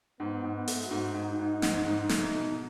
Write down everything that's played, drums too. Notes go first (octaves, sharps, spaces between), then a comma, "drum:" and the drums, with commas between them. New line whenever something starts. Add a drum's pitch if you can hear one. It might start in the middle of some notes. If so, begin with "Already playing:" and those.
G#2 B3
G#2
B3
A3, drum: open hi-hat
F#4
G#2
G#2 D#4
G#2
G#2, drum: snare
G#2
A3, drum: snare
B2